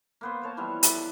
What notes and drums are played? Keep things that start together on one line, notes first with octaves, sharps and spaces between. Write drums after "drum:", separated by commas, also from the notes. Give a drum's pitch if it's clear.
A#3 B3 C5
C5 C#5 A5
E3 F3 G3 B3
A4 D5 E5, drum: hi-hat